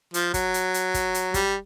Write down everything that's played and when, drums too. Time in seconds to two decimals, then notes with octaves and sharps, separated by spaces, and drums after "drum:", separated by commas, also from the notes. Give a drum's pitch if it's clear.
0.14 F3, drum: hi-hat
0.34 F#3, drum: kick, hi-hat
0.54 drum: hi-hat
0.74 drum: hi-hat
0.94 drum: kick, hi-hat
1.14 drum: hi-hat
1.34 G3, drum: kick, hi-hat